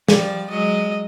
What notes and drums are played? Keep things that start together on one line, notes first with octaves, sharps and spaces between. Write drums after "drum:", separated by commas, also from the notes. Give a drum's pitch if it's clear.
F3 G3 D5, drum: snare
F#3 G#3 D#5